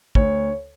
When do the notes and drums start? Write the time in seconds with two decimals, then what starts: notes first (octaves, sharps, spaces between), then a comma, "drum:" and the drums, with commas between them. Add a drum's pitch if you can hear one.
0.15 D2 C#5, drum: kick